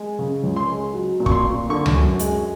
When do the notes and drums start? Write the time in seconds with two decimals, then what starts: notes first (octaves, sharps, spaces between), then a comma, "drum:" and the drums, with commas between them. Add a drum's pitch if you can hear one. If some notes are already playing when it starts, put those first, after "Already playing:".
Already playing: G#3
0.19 C#3
0.43 C#2
0.56 C6
0.70 G#3
0.94 F#3
1.20 A#2
1.26 C#6, drum: kick
1.32 C6
1.45 A#2
1.69 D3 C#6
1.86 drum: tom C#2
1.95 F#2
2.19 G#3, drum: hi-hat